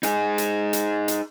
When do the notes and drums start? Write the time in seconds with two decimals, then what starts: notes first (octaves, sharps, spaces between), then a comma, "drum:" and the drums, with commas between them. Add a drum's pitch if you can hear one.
0.03 D#4 G#4, drum: hi-hat
0.38 drum: hi-hat
0.73 drum: hi-hat
1.08 drum: hi-hat